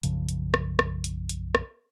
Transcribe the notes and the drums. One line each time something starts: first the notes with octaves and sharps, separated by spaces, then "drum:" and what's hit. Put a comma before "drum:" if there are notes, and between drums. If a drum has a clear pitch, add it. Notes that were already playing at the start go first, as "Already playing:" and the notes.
B1 F#2 C#3 F3, drum: hi-hat
drum: hi-hat
drum: rim click
drum: rim click
drum: hi-hat
drum: hi-hat
drum: rim click